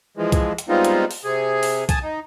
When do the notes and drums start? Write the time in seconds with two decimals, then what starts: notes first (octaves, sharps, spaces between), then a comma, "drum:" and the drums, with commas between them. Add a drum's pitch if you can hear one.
0.17 E3 F3 G#3
0.32 drum: kick, hi-hat
0.58 drum: hi-hat
0.69 G3 G#3 B3 C4 D#4 F4
0.85 drum: hi-hat
1.11 drum: open hi-hat
1.24 C3 G#4
1.63 drum: open hi-hat
1.89 G#5 A5 D#6, drum: kick, hi-hat
2.03 D#4